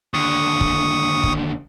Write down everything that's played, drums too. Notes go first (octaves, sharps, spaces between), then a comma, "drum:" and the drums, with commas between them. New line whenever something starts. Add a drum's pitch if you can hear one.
D#2 D3 C#6 D#6
drum: kick
drum: kick